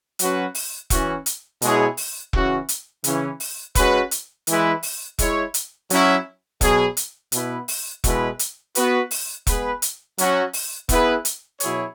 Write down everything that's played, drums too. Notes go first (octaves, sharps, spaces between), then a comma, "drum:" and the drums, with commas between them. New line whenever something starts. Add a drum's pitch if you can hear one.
F#3 C#4 F#4 B4, drum: hi-hat
drum: open hi-hat
E3 C#4 F#4, drum: kick E1, hi-hat
drum: hi-hat
B2 G#3 E4 G#4 C#5, drum: hi-hat
drum: open hi-hat
C#3 E3 C#4 F#4, drum: kick E1
drum: hi-hat
C#3 E3 C#4, drum: hi-hat
drum: open hi-hat
G#3 C#4 F#4 B4, drum: kick E1, hi-hat
drum: hi-hat
E3 G#3 E4 B4, drum: hi-hat
drum: open hi-hat
G#3 E4 C#5, drum: kick E1, hi-hat
drum: hi-hat
F#3 C#4 E4, drum: hi-hat
B2 F#3 B3 G#4, drum: kick E1, hi-hat
drum: hi-hat
B2 B3 E4 B4, drum: hi-hat
drum: open hi-hat
B2 G#3 E4 B4, drum: kick E1, hi-hat
drum: hi-hat
B3 F#4 B4, drum: hi-hat
drum: open hi-hat
G#3 B3 G#4 B4, drum: kick E1, hi-hat
drum: hi-hat
F#3 C#4 F#4, drum: hi-hat
drum: open hi-hat
B3 E4 G#4 B4, drum: kick E1, hi-hat
drum: hi-hat
B2 F#3 E4 G#4 C#5, drum: hi-hat